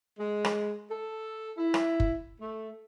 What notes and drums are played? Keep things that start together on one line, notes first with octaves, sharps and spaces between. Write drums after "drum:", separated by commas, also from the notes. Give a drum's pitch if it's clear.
G#3
drum: rim click
A4
E4
drum: rim click
drum: kick F#1
A3